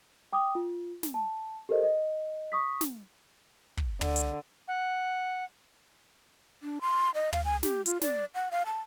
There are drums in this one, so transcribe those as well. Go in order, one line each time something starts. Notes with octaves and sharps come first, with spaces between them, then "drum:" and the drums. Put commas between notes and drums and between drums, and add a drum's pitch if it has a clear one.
G5 D6 D#6
F4
drum: snare
A5
G4 A4 A#4 C5 D#5
D#5
C#6 D#6 B6
drum: snare
drum: kick
D3, drum: tom
drum: hi-hat
F#5
D4
C6
D#5
F5, drum: tom
G#5
G4, drum: snare
F4, drum: hi-hat
D5, drum: snare
F#5
F5
A5